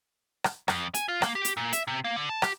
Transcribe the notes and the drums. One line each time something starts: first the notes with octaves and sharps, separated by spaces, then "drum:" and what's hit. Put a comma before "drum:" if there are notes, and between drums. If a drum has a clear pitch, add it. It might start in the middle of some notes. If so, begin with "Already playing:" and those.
drum: rim click
F2, drum: rim click
G#5, drum: hi-hat
F4
A#3, drum: rim click
G4
drum: hi-hat
A#2
E5, drum: hi-hat
C3
A#3
D3
A5
G4, drum: rim click